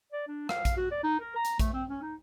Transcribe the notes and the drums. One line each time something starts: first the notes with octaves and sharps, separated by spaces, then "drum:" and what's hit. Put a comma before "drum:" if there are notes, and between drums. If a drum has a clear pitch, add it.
D5
D4
F5, drum: rim click
drum: kick A#1, hi-hat
F#4
D5
D#4
A#4
A#5
drum: hi-hat
A3, drum: kick A#1, hi-hat
C4
C#4
D#4